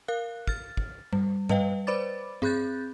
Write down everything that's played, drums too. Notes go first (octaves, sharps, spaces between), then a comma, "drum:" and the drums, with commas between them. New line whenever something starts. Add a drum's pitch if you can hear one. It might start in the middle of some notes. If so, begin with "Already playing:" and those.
A#4 F5 F#6
F6 A6, drum: kick
drum: kick
G3, drum: tom G2
G3 B4 D#5 F5 G5, drum: tom G2
B4 C5 D5 B5 D6 A6
C4 G#4 B5 F#6 G6 A6, drum: tom G2